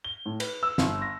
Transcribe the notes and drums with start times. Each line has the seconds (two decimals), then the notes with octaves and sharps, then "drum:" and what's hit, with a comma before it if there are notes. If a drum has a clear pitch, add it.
0.04 G7
0.26 A2
0.40 B4, drum: cymbal
0.63 E6
0.78 G1, drum: snare
1.02 A#6